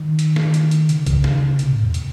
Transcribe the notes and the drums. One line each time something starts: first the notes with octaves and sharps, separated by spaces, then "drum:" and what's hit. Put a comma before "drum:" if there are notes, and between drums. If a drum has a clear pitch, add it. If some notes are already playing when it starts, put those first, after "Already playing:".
Already playing: D#3
drum: hi-hat
drum: snare
drum: hi-hat
drum: hi-hat
C#3, drum: hi-hat
drum: kick A#1, hi-hat
drum: snare
C3, drum: hi-hat
A2
E2
drum: hi-hat